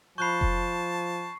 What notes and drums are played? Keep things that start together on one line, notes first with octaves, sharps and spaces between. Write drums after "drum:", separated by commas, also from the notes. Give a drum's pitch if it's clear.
F3 A5 B5 C#6 F#6 G6 C7
drum: kick F1